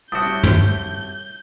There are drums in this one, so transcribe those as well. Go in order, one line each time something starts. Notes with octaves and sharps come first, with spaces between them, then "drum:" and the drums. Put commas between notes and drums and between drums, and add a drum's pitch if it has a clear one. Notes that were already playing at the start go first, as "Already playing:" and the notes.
C2 A2 A3 F#4 D6 D#6 G6
drum: hi-hat
drum: tom